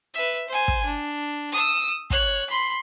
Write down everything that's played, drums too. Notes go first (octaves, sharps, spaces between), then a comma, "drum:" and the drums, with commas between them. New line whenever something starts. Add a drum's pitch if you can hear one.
B4 E5
C5 G#5
drum: kick
D4
D#6 E6
C#5 F#6, drum: kick
B5 C6